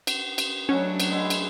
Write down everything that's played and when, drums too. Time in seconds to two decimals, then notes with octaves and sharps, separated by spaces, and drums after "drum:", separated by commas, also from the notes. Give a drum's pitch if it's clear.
0.07 drum: cymbal
0.38 drum: cymbal
0.69 C#3 F#3 A3 C#4 D4 F#5
1.00 drum: cymbal
1.10 G#3 E4 F#5
1.30 drum: cymbal